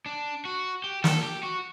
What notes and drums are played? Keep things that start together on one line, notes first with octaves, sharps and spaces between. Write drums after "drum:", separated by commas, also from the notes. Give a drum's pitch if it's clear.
D4
F#4
G4
A4, drum: snare
G4
F#4